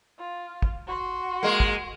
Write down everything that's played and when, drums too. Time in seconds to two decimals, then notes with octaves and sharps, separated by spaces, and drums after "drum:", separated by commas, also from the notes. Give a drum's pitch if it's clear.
0.19 F4
0.62 drum: kick
0.87 F#4 C6
1.43 G#3 A#3
1.60 drum: kick